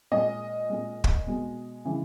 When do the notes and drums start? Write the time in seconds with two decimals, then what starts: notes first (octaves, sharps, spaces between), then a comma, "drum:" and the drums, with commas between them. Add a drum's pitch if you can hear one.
0.11 A#2 G#3 D#5
0.69 A#2 G#3
1.04 drum: kick
1.27 B2 G#3
1.85 C#3 E3 G#3